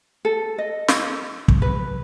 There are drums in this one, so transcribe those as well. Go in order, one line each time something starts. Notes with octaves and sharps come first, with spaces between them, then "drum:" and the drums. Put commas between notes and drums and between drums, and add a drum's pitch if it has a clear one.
A4
D#5
drum: snare
drum: kick
B4